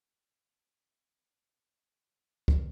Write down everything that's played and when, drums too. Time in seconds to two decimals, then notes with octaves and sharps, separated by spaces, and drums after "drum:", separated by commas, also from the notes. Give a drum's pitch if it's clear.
0.21 C4 G#5
2.48 drum: kick C#2